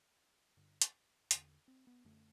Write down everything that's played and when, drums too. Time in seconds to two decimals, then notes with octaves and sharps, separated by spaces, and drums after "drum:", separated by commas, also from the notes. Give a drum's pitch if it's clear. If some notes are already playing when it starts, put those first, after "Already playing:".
0.57 G2 D3
0.82 drum: hi-hat
1.31 E2 D3, drum: hi-hat
1.68 C4
1.87 B3
2.05 F#2 D3 A3